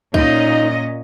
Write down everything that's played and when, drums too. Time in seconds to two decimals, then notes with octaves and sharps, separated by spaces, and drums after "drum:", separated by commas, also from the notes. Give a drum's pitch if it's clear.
0.14 A#2 C#4 D#4 D#5, drum: kick C#2